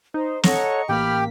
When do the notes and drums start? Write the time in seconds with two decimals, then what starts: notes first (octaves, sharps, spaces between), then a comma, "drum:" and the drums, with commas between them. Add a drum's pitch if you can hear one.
0.14 D#4 C5
0.43 A4 C#5 D#5 F#5 A#5 C#6, drum: snare
0.89 A1 A#3 G4 G5 B5 F6 B6